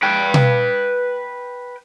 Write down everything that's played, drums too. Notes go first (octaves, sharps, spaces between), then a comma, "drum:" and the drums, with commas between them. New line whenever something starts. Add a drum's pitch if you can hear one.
B4 G5
drum: tom B2